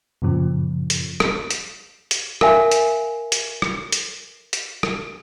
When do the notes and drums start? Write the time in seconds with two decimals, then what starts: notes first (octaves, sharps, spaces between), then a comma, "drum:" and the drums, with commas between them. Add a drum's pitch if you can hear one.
0.22 F#2 A#2 C#3 F3
0.90 drum: hi-hat
1.20 drum: rim click
1.50 drum: hi-hat
2.11 drum: hi-hat
2.41 A#4 E5 F5 G#5, drum: rim click
2.71 drum: hi-hat
3.32 drum: hi-hat
3.62 drum: rim click
3.92 drum: hi-hat
4.53 drum: hi-hat
4.83 drum: rim click